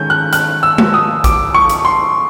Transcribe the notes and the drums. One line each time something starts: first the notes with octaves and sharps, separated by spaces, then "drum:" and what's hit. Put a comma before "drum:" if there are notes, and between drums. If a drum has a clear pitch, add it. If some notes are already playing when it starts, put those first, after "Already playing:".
Already playing: D#3 G#3 C#4 G6
F#6
F#6, drum: hi-hat
E6
drum: tom G#3
D#6
D6, drum: kick A1, hi-hat
C#6
drum: hi-hat
C6